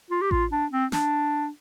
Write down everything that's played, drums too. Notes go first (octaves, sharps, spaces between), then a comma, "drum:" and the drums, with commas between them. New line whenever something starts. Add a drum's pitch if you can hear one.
F4
G4
F4, drum: kick A1
D4
C4
D4, drum: snare